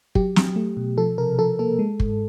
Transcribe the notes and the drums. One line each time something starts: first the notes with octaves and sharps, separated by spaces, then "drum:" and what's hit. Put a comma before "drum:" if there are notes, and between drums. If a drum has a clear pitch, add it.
F#3 G4, drum: kick
F#3, drum: snare
A3
B2
F3 A4
C3 A#4
F3 A4
A#3 A4
G#3
G#2, drum: kick